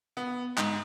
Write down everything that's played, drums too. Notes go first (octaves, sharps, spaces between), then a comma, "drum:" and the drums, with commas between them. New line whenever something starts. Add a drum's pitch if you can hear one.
B3
G#2, drum: clap